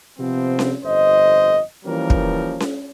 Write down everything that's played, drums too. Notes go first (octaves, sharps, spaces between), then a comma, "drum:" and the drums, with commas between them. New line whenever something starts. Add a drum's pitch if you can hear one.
C3 F3 B3 C4
drum: snare C#4
G1 F2 C5 D#5
E3 F3 G3 A#3 C#4 A#4
drum: kick
drum: snare C#4